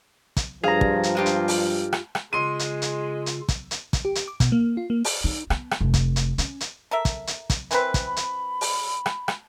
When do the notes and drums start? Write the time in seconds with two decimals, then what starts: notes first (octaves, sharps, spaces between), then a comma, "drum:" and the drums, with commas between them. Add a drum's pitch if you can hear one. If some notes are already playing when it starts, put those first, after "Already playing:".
0.37 drum: kick, hi-hat
0.63 G2 F3 G#4 F5 A#5
0.81 drum: kick
1.03 drum: hi-hat
1.15 G#3 F4 G4
1.26 drum: hi-hat
1.48 drum: open hi-hat
1.93 drum: rim click
2.15 drum: rim click
2.33 C#3 G#3 F4 C6 D#7
2.59 drum: hi-hat
2.82 drum: hi-hat
3.26 drum: hi-hat
3.49 drum: kick, hi-hat
3.71 drum: hi-hat
3.93 drum: kick, hi-hat
4.05 G4
4.15 drum: hi-hat
4.28 D6
4.40 B2, drum: kick, hi-hat
4.52 A#3
4.77 F4
4.90 A#3
5.05 drum: open hi-hat
5.24 D#4
5.50 B3, drum: rim click
5.71 drum: rim click
5.81 F1
5.94 drum: kick, hi-hat
6.16 drum: hi-hat
6.38 C#4, drum: hi-hat
6.60 drum: hi-hat
6.91 A4 A#4 E5
7.05 drum: kick, hi-hat
7.27 drum: hi-hat
7.50 drum: kick, hi-hat
7.71 E3 C4 A#4 B4, drum: hi-hat
7.94 drum: kick, hi-hat
8.05 B5
8.16 drum: hi-hat
8.61 drum: open hi-hat
9.06 drum: rim click
9.28 drum: rim click